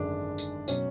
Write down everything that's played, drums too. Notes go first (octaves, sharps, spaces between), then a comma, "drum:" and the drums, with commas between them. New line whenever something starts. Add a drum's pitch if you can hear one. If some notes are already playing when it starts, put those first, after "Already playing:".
Already playing: G#1 F#2 D3 G#3 D4
drum: tambourine
B2 F#3 C#4, drum: tambourine